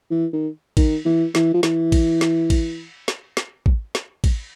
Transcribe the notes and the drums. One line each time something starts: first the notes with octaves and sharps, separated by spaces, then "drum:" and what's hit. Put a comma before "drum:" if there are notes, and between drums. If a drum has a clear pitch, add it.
E3
D#3
D#3, drum: kick, cymbal
E3
E3, drum: snare
F3
E3, drum: snare
drum: kick, cymbal
drum: snare
drum: kick, cymbal
drum: snare
drum: snare
drum: kick
drum: snare
drum: kick, cymbal